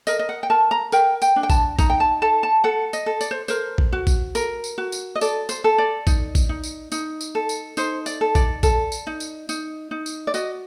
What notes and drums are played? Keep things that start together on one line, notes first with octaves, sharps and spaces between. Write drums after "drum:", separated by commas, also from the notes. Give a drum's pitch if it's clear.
A#4 D#5, drum: tambourine
D#5
F#5
G5
A#4 A5
A#5
A#4 G5, drum: tambourine
G5, drum: tambourine
D4
G5
A5, drum: kick A1, tambourine
D#4 A#5, drum: kick A1, tambourine
G5
A5
A4 A5
A5
A4 F#5
D#5, drum: tambourine
A4
D5, drum: tambourine
C5
A#4 C5, drum: tambourine
drum: kick A1
F#4
drum: kick A1, tambourine
A#4, drum: tambourine
drum: tambourine
F#4
drum: tambourine
D#5
A4 D5, drum: tambourine
C5, drum: tambourine
A4
D5
D#4, drum: kick A1, tambourine
drum: kick A1, tambourine
D#4
drum: tambourine
D#4, drum: tambourine
drum: tambourine
A4
drum: tambourine
D#4 C5, drum: tambourine
D5, drum: tambourine
A4
D5, drum: kick A1, tambourine
A4, drum: kick A1, tambourine
drum: tambourine
D#4
drum: tambourine
D#4, drum: tambourine
D#4
drum: tambourine
D5
F#4 D#5, drum: tambourine